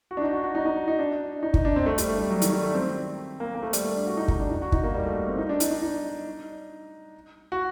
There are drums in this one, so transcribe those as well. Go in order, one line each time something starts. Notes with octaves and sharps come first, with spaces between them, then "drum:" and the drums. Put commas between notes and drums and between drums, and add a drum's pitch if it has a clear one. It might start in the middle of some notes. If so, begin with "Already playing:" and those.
F#4
D4
D#4
F#4
F#4
D#4
D#4
D#4
D4
D#4
D#4, drum: kick
D4
C4
A3
G3, drum: hi-hat
A3
G3
F#3
D#3, drum: hi-hat
G3
A3
C4
A#3
A#3
A3
G3, drum: hi-hat
A3
D4
F#4
D#4
D#4, drum: kick
D4
D#4
F#4
D#4, drum: kick
A#3
G3
A3
C4
D#4
D4
D#4, drum: hi-hat
D#4
D#4
F#4